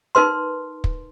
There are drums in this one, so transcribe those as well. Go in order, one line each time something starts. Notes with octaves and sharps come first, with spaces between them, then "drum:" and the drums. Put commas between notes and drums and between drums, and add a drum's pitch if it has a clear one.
D#4 A#4 B4 C6
drum: kick